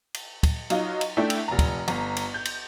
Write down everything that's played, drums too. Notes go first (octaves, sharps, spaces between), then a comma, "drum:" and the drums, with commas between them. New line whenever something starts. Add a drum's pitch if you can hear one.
drum: cymbal
drum: kick, cymbal
F#3 D#4 F4, drum: cymbal
drum: cymbal
A3 D4 E4 E5 G5
drum: cymbal
F1 A#5
drum: kick, cymbal
G1 A#5, drum: cymbal
drum: cymbal
G6
drum: cymbal